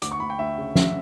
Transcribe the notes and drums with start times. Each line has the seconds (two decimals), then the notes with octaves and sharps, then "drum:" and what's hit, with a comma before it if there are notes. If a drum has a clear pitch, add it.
0.02 D2 D6, drum: hi-hat
0.11 C#6
0.20 D2 B5
0.30 G5
0.39 D2 E5
0.58 C#3
0.75 D2 E5, drum: snare